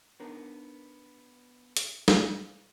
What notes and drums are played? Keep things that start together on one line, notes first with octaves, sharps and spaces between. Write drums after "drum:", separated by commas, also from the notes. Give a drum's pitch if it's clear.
B3 D4 D#4 A#4
drum: hi-hat
drum: snare